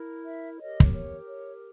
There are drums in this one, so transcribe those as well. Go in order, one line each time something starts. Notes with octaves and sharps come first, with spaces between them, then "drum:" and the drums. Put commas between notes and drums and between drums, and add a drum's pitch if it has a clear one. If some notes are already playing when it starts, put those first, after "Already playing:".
Already playing: E4 A#4
E5
G4 A#4 C#5 D#5
drum: kick
C#5
C#5